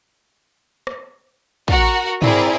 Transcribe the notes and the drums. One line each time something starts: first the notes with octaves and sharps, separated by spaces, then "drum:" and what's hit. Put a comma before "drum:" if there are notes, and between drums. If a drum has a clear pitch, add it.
drum: rim click
F#4 A#4 F#5, drum: kick
C4 E4 G#4 A#4 D5, drum: tom